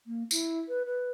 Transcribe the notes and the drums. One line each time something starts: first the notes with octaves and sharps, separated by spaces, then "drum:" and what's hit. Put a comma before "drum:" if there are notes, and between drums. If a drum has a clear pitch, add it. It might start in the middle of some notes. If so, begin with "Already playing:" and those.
A#3
E4, drum: tambourine
B4
B4